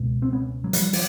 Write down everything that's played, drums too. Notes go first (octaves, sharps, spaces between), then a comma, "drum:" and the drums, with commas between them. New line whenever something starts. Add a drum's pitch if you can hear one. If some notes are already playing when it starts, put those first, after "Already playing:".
Already playing: C#2 B2
C4
B3 C#4
F#3
F3 G3, drum: hi-hat
F3, drum: open hi-hat